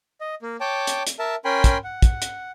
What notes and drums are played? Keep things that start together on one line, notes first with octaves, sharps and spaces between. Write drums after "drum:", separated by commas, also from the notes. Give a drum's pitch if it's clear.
D#5
A#3
C#5 G5 A5 D6
drum: hi-hat
drum: hi-hat
A#4 E5 A5
C#4 A#4 G5 G#5 B5 C6
drum: kick, hi-hat
F#5
drum: kick, hi-hat
drum: hi-hat